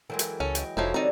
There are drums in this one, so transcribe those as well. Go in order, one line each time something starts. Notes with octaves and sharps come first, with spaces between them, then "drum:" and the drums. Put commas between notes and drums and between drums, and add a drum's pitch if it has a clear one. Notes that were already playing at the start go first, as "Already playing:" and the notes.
E3 F#3 G#3 A4 A#4 G5
drum: hi-hat
C#2 C#4 A4
D#5 G5, drum: hi-hat
F1 F3 D#4 E4 F#4 A4 C#5
D3 E3 G3 C4 D#4 A#5